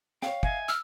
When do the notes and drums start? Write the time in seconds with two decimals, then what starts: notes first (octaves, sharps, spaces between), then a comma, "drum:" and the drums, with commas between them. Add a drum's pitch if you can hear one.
0.22 C#5 F5 G5, drum: snare
0.43 D#5 E5 F#5 G#5, drum: kick
0.69 E6 F6